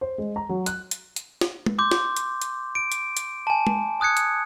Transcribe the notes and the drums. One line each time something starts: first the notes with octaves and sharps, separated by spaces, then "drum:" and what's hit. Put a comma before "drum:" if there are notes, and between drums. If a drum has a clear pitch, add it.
C5
G#3
A#5
F#3
F#6, drum: hi-hat
drum: hi-hat
drum: hi-hat
drum: snare
drum: tom G#3
C6 D6 G6
drum: snare
drum: hi-hat
drum: hi-hat
D7
drum: hi-hat
drum: hi-hat
G#5 A5
drum: tom G#3
G#5 D#6 F#6 G#6 C#7
drum: hi-hat